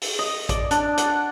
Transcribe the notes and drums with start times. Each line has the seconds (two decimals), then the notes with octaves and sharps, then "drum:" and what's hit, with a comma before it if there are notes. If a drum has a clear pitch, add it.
0.01 drum: open hi-hat
0.19 D#5
0.49 D5, drum: kick, hi-hat
0.71 D4, drum: hi-hat
0.98 F#5, drum: hi-hat